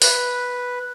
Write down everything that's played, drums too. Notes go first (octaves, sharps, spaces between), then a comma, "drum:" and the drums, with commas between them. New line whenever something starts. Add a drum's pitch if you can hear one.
B4, drum: open hi-hat